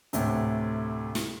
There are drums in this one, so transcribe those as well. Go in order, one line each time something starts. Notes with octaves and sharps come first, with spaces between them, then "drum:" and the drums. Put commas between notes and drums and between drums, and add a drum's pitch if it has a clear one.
D2 A2 C3, drum: hi-hat
drum: snare